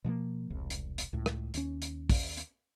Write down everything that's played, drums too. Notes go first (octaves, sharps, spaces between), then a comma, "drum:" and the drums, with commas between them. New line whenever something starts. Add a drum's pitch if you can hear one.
B2 F3 F#3 A#3
E1 C2
drum: hi-hat
drum: hi-hat
C#2 A2
drum: rim click
D#2 C#4, drum: hi-hat
drum: hi-hat
drum: kick, open hi-hat
drum: hi-hat